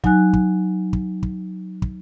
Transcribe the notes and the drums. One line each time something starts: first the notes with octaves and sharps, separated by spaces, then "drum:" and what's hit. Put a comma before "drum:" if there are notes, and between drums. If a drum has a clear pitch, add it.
F#3 D#4 G#5 F#6, drum: kick
drum: kick
drum: kick
drum: kick
drum: kick